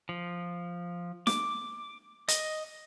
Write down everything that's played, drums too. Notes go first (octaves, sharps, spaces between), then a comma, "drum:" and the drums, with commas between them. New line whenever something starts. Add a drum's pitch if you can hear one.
F3
D6, drum: snare
D#5, drum: hi-hat